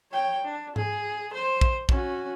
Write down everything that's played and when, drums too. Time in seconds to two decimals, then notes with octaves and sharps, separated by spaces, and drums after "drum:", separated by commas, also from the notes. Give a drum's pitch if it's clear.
0.12 C#5 G5
0.44 D4
0.76 G#4, drum: tom G#2
1.34 C5
1.61 drum: kick
1.89 C#4 F#4, drum: kick